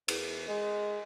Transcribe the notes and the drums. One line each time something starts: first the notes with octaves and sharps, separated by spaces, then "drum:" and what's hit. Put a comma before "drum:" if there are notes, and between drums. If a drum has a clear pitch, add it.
E2, drum: cymbal
G#3